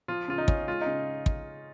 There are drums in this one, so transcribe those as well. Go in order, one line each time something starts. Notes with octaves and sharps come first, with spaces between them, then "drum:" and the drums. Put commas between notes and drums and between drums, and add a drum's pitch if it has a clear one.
F3 F4
C#3 F4
D#4
C#4, drum: kick
G#3 F4
C#3 D#4
drum: kick